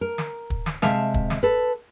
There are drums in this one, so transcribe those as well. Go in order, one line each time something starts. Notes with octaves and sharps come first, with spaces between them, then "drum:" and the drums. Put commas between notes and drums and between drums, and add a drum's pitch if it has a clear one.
A#4
drum: snare
drum: kick
drum: snare
C3 G#3 E5 F5 A5, drum: snare
drum: kick
drum: snare
A4 B4